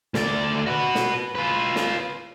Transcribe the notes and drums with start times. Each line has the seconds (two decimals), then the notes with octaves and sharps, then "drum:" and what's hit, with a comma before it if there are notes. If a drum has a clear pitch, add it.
0.14 D2 D5, drum: snare
0.66 F#4 B4
0.95 drum: snare
1.35 F4 B4
1.76 drum: snare